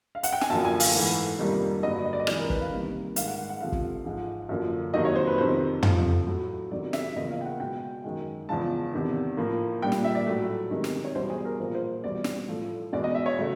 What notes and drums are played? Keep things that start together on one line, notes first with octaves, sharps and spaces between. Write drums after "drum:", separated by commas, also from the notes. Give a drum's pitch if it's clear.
F5
F#5, drum: hi-hat
G5
G#5, drum: snare
F#2 D3 F3 A#3 A5
G#5
F5, drum: open hi-hat
G#2 E3 A3
F2 C3 D#3 G3 A#3
G2 D3 F#3 A#3 D#5
D#5
D5
D#5
C3 E3 G#3 D5, drum: rim click
A#4
B4, drum: kick
F5
C3 D#3 G3 A#3
G#2 D#3 G#3 F5, drum: hi-hat
F#5
F#5
C3 F3 A3 F5
drum: kick
G#2 F3 G#3
F#2 D3 F3 A#3
F2 C3 D#3 F#3 A#3 D#5
C#5
C5
B4
F2 C3 D#3 C5
C3 F3 A3, drum: tom
A2 F#3 A3
C3 D#3 F#3 A3 D5
E5, drum: snare
E2 C#3 F3 A#3 D#5
F5
G5
F#5
B2 G#3 G5
F#2 D#3 G#3
E2 C#3 F3 G#3 A5
E2 C3 D#3
A2 F3 A#3
A#2 G3 A#3 G5
drum: snare
E5
D5
A2 F#3 A3
C3 D#3 G#3
drum: snare
C#5
E2 B2 G3 C5
G#4
A#4
A#2 F3 A#3 C5
C5
E2 B2 G3 D5
drum: snare
A2 F3 A3
E2 B2 G#3 D5
D#5
E5
C#5
C#3 F#3 A3